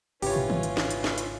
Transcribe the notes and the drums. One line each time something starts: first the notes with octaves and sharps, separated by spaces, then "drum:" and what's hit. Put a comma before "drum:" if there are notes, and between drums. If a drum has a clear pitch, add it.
G#1 C#3 C#4 E4 F4 G4 B4 C#5, drum: open hi-hat
drum: tom
drum: tom D#3
drum: hi-hat
drum: snare
drum: hi-hat
drum: snare
drum: hi-hat